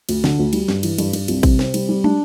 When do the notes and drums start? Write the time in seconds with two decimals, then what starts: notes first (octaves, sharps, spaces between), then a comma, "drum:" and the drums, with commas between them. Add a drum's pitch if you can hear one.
0.09 D2, drum: cymbal
0.24 D3, drum: snare
0.39 D2
0.53 G3, drum: cymbal
0.68 G2, drum: snare
0.83 E3, drum: cymbal
0.98 G2, drum: cymbal
1.13 G2, drum: cymbal
1.28 C2, drum: cymbal
1.43 C3, drum: kick A1, cymbal
1.59 C4, drum: snare
1.74 G3, drum: cymbal
1.89 G3
2.04 D4, drum: tom